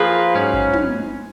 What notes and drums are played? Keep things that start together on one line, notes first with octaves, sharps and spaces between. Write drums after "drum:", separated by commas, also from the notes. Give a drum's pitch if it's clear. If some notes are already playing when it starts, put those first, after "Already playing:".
Already playing: F3 A#3 F4 G#4 B4
G#2 F#3 C#4
drum: kick
drum: tom